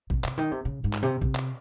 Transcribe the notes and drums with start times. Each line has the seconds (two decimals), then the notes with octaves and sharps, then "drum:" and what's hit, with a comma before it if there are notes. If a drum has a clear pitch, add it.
0.10 C3, drum: kick
0.24 C3, drum: clap
0.38 D#3
0.52 C3
0.65 C#3
0.84 G#2
0.94 drum: clap
1.03 C3
1.21 C3, drum: kick
1.35 drum: clap